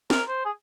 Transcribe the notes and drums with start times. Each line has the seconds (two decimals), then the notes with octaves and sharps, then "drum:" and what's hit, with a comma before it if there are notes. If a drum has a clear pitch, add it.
0.10 A#4, drum: snare
0.28 C5
0.45 G#4